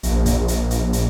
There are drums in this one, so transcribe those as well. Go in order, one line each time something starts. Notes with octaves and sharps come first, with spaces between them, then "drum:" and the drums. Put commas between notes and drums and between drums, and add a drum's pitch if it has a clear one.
A#1, drum: hi-hat
drum: kick, hi-hat
drum: hi-hat
drum: hi-hat
drum: hi-hat